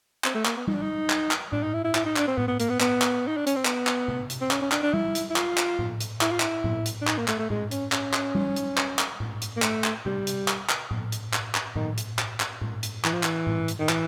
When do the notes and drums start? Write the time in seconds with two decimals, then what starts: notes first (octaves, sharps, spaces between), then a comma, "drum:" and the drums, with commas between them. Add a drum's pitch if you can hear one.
0.24 C4, drum: clap
0.34 A3
0.45 A#3, drum: clap
0.56 B3
0.67 D#4, drum: tom G3
0.74 D4
0.82 D#4
1.10 drum: clap
1.31 drum: clap
1.52 D4, drum: tom A2
1.63 D#4
1.74 E4
1.84 E4
1.95 E4, drum: clap
2.06 D#4
2.16 D4, drum: clap
2.28 C4
2.37 B3, drum: tom A2
2.48 B3
2.59 A#3, drum: hi-hat
2.70 B3
2.80 B3, drum: clap
3.02 drum: clap
3.27 D#4
3.37 D4
3.46 C#4, drum: hi-hat
3.56 C4
3.65 B3, drum: clap
3.87 drum: clap
4.08 drum: tom C3
4.30 drum: hi-hat
4.41 C4
4.51 C#4, drum: clap
4.62 C#4
4.72 D4, drum: clap
4.83 D4
4.93 E4, drum: tom G3
5.15 drum: hi-hat
5.30 E4
5.36 F4, drum: clap
5.58 drum: clap
5.79 drum: tom A2
6.00 drum: hi-hat
6.21 E4, drum: clap
6.31 F4
6.40 E4, drum: clap
6.64 drum: tom A2
6.86 drum: hi-hat
7.01 D4
7.07 D#4, drum: clap
7.18 A#3
7.28 A3, drum: clap
7.39 A3
7.50 G#3, drum: tom A2
7.71 C#4, drum: hi-hat
7.92 C#4, drum: clap
8.13 drum: clap
8.35 drum: tom G3
8.56 drum: hi-hat
8.77 drum: clap
8.99 drum: clap
9.20 drum: tom A2
9.41 drum: hi-hat
9.56 A#3
9.62 A3, drum: clap
9.84 drum: clap
10.05 G3, drum: tom C3
10.27 drum: hi-hat
10.48 drum: clap
10.69 drum: clap
10.91 drum: tom A2
11.12 drum: hi-hat
11.33 drum: clap
11.55 drum: clap
11.75 D#3, drum: tom A2
11.97 drum: hi-hat
12.19 drum: clap
12.40 drum: clap
12.61 drum: tom A2
12.83 drum: hi-hat
13.05 E3, drum: clap
13.13 F3
13.23 E3, drum: clap
13.47 drum: tom A2
13.68 drum: hi-hat
13.79 D#3
13.89 E3, drum: clap